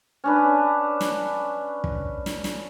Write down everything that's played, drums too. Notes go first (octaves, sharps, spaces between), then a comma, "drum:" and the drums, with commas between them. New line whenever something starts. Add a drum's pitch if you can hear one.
C#4 D4 B4
drum: snare
drum: kick
drum: snare
drum: snare